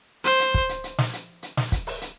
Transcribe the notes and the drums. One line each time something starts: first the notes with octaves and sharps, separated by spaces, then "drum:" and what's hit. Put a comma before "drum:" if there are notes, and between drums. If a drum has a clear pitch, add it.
C5, drum: hi-hat
drum: hi-hat
drum: kick
drum: hi-hat
drum: hi-hat
drum: snare
drum: hi-hat
drum: hi-hat
drum: snare
drum: kick, hi-hat
drum: open hi-hat
drum: hi-hat